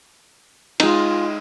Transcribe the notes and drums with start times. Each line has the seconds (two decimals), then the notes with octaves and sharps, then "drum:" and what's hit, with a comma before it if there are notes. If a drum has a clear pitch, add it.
0.80 G#3 D#4 F4, drum: cymbal